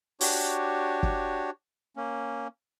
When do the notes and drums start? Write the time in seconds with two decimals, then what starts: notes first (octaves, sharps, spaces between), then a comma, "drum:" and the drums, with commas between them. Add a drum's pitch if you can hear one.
0.21 D4 F#4 G4 C#5, drum: open hi-hat
1.03 drum: kick
1.97 A#3 C#4